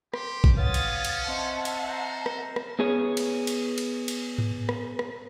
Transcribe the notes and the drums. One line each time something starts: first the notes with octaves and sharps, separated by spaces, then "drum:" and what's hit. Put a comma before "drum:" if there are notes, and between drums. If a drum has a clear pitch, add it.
G4 C6, drum: rim click
drum: kick
C#4 B4 C#5 F5 F#5 D#6 A6
drum: cymbal
drum: cymbal
C4 C5 D#5 E5 F#5 A5 F6
drum: cymbal
C5 A#5
drum: rim click
drum: rim click
B3 G#4 C#5
drum: cymbal
drum: cymbal
drum: cymbal
drum: cymbal
drum: tom G#2
drum: rim click
drum: rim click